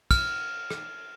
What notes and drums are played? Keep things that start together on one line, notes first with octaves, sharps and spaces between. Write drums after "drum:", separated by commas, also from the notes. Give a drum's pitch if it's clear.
F6, drum: kick, cymbal
drum: rim click